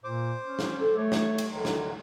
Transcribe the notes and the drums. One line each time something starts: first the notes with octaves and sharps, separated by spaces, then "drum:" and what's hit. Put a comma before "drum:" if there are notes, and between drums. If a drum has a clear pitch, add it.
A#2 C5 D6
C#4
drum: snare
A4
A3 C#5
drum: snare
drum: cymbal
D2 D3 D#3 F#3
drum: snare